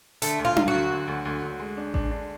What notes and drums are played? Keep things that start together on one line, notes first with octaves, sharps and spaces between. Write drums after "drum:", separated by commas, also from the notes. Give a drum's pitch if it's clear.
D3 A3, drum: hi-hat
D2
F4
F#3, drum: tom D4
F#4
D2
D2
D2
D2
D2
G#3
D4
D4, drum: kick A1
D4